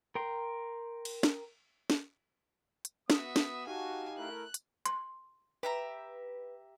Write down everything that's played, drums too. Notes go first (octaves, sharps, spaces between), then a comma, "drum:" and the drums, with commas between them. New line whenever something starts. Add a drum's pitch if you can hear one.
A#4 G5 C6
drum: cymbal
drum: snare
drum: snare
drum: hi-hat
B3 F#4 E5 D#6, drum: snare
drum: snare
D#4 F#4 G4 F5 G#5 A5
A3 E4 A#4 F#6
drum: hi-hat
C6, drum: hi-hat
G4 B4 E5 A#5